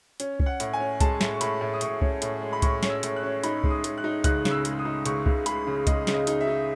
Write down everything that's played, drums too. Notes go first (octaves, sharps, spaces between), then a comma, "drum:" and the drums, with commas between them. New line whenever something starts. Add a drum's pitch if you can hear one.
C#4, drum: hi-hat
C#4, drum: kick C2
F#5
A2, drum: hi-hat
G#5
C#4
G#3 A5, drum: kick C2, hi-hat
A2, drum: snare
C#6
A2 B5, drum: hi-hat
A2
D#6
A2 C#6, drum: hi-hat
C#4, drum: kick C2
A2, drum: hi-hat
G#3
B5
A2 C#6, drum: kick C2, hi-hat
C#4, drum: snare
E6
A2, drum: hi-hat
F#6
C#4
D#4 B5, drum: hi-hat
G#3, drum: kick C2
D#6
G#3, drum: hi-hat
F#6
D#4
C#2 F#6, drum: kick C2, hi-hat
C#3, drum: snare
E6
G#3, drum: hi-hat
D#6
D#4
C#2 C#6, drum: hi-hat
C#2, drum: kick C2
G#3 B5, drum: hi-hat
C#3
G#3 D#5, drum: kick C2, hi-hat
C#3, drum: snare
D#5
D#4, drum: hi-hat
E5
D#4